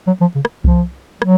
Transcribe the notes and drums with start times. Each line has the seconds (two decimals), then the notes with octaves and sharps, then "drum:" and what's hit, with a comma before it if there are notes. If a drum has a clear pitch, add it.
0.07 F#3
0.21 F3
0.35 C#3
0.45 drum: rim click
0.64 F3, drum: kick C2
1.22 F#3, drum: rim click